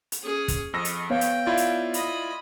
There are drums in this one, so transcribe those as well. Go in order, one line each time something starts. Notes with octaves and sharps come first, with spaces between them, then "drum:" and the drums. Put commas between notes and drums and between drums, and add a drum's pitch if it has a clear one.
drum: hi-hat
C#4 G#4
drum: kick, hi-hat
F2 D#5 E6 A#6
drum: hi-hat
B3 C#5 F5 G5
drum: hi-hat
E4 F4 D5
drum: hi-hat
D#5 B5, drum: hi-hat